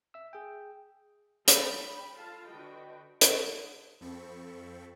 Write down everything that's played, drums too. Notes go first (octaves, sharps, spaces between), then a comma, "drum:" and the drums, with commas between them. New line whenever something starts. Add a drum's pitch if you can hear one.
E5 E6
G#4 G5
D4 G5 B5, drum: hi-hat
F4 A4 F5 A5
D3 F#4 B4 D#5 G5
drum: hi-hat
F2 F3 C4 A4 B5 C#6